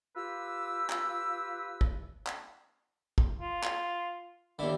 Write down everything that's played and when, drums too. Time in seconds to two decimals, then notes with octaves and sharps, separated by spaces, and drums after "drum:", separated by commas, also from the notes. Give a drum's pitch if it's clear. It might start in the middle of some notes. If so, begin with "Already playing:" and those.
0.16 F4 G4 B4 E6
0.90 drum: clap
1.81 drum: kick
2.27 drum: clap
3.18 drum: kick
3.41 F4
3.63 drum: clap
4.59 D#2 D3 E4